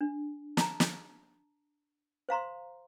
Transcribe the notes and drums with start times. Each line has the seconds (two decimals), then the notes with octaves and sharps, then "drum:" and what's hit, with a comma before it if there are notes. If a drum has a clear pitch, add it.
0.01 D4
0.57 A5 A#5, drum: snare
0.80 drum: snare
2.29 C5 F5 A#5 C6